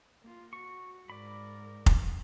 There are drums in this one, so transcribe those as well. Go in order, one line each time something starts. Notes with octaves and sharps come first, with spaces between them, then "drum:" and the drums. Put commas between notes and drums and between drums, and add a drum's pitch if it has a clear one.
A#3 F4
F#4 C#6
G#2 A#4 D5 B5
drum: kick F1